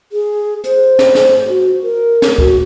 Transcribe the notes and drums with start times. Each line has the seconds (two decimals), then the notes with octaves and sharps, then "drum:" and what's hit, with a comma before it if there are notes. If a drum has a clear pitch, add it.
0.12 G#4
0.64 C5, drum: hi-hat
0.99 drum: snare
1.15 drum: snare
1.48 F#4
1.83 A#4
2.22 drum: snare
2.38 F#4, drum: kick C#2